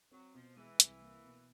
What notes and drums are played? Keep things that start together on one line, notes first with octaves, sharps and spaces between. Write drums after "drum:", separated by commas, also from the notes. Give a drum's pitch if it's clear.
F#3 C4
B2 F3
E3 G#3
C2, drum: hi-hat
A#3
B2